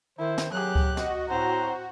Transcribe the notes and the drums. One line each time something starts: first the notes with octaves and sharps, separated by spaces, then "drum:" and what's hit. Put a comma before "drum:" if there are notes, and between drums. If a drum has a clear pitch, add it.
D#3 E4 C5
drum: snare
F#3 G4 G#4 F#6
drum: kick C#2
F#4 D#5, drum: snare
A2 C4 C5 A#5